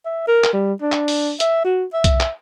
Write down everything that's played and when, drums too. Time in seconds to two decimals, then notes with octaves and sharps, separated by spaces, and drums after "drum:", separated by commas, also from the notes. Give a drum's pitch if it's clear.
0.05 E5
0.27 A#4
0.44 drum: clap
0.53 G3
0.82 D4
0.92 drum: clap
1.08 drum: open hi-hat
1.40 E5, drum: hi-hat
1.65 F#4
1.93 E5
2.04 drum: kick B1, hi-hat
2.20 drum: clap